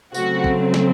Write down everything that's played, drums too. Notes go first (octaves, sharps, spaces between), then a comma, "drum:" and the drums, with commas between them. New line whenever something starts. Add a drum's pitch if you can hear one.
C#3 F#3 A3 C4 F#4, drum: tambourine
drum: kick
drum: snare